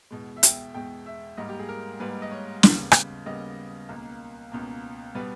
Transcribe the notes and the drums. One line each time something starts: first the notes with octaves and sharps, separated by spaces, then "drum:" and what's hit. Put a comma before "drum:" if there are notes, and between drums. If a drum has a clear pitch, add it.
E2 B2 G#3
E5
G5, drum: hi-hat
E2 B2 G#3 G5
E5
G#2 G3 A#3 D#5
G4
G#4
A#4
G#2 G3 A#3 B4
D#5
C#5
D#2 C#3 G3 B3, drum: snare
drum: rim click
D#2 C#3 G3 B3 D#5
C#2 B2 A#3
C#2 B2 A#3
B2 G3 B3 B4